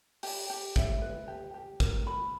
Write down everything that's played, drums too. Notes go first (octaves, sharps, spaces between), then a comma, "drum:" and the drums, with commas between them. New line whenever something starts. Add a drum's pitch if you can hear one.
G4, drum: open hi-hat
G4
E5, drum: kick, hi-hat
B4
G4
G4
A#4, drum: kick, hi-hat
B5